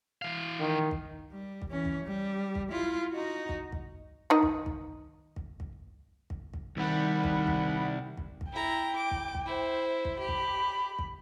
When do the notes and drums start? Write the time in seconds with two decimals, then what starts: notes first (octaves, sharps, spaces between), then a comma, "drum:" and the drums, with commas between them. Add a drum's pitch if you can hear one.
0.22 E3 F5
0.60 D#3
0.91 drum: kick
1.32 G3
1.62 drum: kick
1.71 E3 C#4
1.85 drum: kick
2.05 G3
2.55 drum: kick
2.70 E4 F4
3.12 D#4 F#4
3.49 drum: kick
3.72 drum: kick
4.30 D#3 D#4 D#5
4.43 drum: kick
4.66 drum: kick
5.36 drum: kick
5.60 drum: kick
6.30 drum: kick
6.54 drum: kick
6.77 C2 D#3 G3 F#5 B5
7.24 drum: kick
7.47 drum: kick
8.17 drum: kick
8.41 drum: kick
8.52 E4 G5 A#5
8.96 D6
9.11 drum: kick
9.35 drum: kick
9.46 E4 C5
10.05 drum: kick
10.19 G4 B5
10.28 drum: kick
10.99 drum: kick